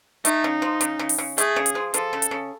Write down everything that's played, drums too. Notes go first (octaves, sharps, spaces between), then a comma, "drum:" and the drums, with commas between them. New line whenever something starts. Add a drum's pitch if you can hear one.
A3 D#4, drum: hi-hat
C#3
F3
C#3, drum: hi-hat
C#3
drum: open hi-hat
C#3
A3 G#4, drum: hi-hat
C#3
drum: hi-hat
F3
F3 A4, drum: hi-hat
C#3
drum: hi-hat
C#3